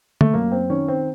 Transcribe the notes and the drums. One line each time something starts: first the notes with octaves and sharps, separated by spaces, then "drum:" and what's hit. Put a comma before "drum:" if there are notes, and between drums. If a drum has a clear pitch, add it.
A3, drum: tom
F#2 A#3
C4
D#3 C#4
C4